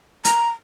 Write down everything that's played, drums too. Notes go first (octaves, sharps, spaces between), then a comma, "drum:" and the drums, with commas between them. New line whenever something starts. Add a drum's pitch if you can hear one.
A#5, drum: hi-hat